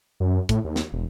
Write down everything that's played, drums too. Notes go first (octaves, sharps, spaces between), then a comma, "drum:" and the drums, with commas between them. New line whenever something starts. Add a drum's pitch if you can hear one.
F#2
A2, drum: kick, hi-hat
D#2
drum: snare
E1